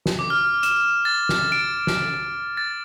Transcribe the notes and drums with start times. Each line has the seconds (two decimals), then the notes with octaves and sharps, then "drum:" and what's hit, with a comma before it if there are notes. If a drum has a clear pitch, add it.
0.06 drum: snare
0.19 D6
0.30 F6
0.63 E7, drum: hi-hat
1.05 A6
1.29 drum: snare
1.52 D7
1.87 drum: snare
2.57 A6